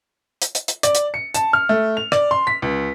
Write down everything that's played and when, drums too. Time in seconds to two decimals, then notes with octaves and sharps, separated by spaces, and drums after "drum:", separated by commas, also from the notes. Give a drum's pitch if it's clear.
0.42 drum: hi-hat
0.55 drum: hi-hat
0.68 drum: hi-hat
0.83 D5, drum: hi-hat
0.95 drum: hi-hat
1.14 C#7
1.34 A5, drum: hi-hat
1.53 F6
1.69 A3
1.97 F7
2.12 D5, drum: rim click
2.31 C6
2.47 B6
2.62 C#2